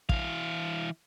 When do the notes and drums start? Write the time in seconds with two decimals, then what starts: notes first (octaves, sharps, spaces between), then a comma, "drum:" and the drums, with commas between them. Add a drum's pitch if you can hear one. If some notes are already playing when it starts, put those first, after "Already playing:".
0.09 E3 F5, drum: kick